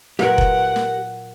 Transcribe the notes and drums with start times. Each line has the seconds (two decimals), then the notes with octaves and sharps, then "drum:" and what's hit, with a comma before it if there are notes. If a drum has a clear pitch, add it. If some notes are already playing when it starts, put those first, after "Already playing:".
0.19 A#2 F#3 G4 A#4 B4 F#5, drum: snare
0.38 drum: kick F1
0.76 drum: snare